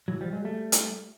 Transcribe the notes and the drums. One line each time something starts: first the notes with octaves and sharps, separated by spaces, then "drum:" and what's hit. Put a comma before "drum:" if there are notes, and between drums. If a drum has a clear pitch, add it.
E3 F#3
F3 G3
F#3 G#3
G3 A3
drum: hi-hat